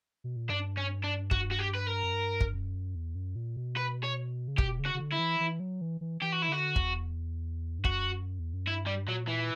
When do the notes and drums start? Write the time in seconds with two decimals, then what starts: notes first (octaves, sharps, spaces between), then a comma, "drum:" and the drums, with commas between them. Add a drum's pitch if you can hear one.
0.24 B2
0.36 A#2
0.50 G2 D4
0.77 C#4
1.04 D4
1.31 F#4, drum: kick
1.51 F#4
1.59 G4
1.75 B4
1.87 A#4
2.03 F#2
2.13 G2
2.41 drum: kick
2.54 F#2
2.95 E2
3.15 F#2
3.36 A#2
3.56 B2
3.77 B4
4.04 C#5
4.48 C#3
4.58 B2 G4, drum: kick
4.79 C#3
4.86 F#4
4.95 C#3
5.00 D3
5.13 E4
5.19 E3
5.40 E3
5.60 F#3
5.81 E3
6.01 E3
6.21 E3 G4
6.32 F#4
6.42 E4
6.49 D3 F#4
6.76 E2, drum: kick
7.79 G2
7.84 F#2 F#4, drum: kick
8.39 E2
8.53 F#2
8.66 G2 E4
8.87 G3
9.08 A#2 F#3
9.27 E3